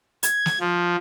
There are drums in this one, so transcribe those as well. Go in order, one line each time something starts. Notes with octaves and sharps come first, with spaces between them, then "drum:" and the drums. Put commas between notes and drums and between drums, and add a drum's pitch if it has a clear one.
G#6, drum: hi-hat
drum: snare
F3